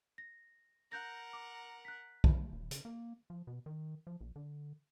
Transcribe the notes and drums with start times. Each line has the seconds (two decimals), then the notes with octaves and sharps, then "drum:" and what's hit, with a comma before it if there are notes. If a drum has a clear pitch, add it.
0.18 A#6
0.92 A#4 F#5 F#6 G6 A#6
1.33 D6
1.85 F#6 B6
2.24 drum: kick B1
2.52 D#1
2.71 C#3, drum: hi-hat
2.85 A#3
3.30 F3
3.47 B2
3.66 D#3
4.07 F3
4.21 A#1
4.36 D3